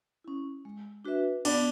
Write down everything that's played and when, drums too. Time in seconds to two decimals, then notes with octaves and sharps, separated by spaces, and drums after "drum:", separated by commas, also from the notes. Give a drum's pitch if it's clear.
0.24 C#4 E4
0.65 G#3
1.05 D4 F#4 B4 E5
1.45 B3 D4, drum: cymbal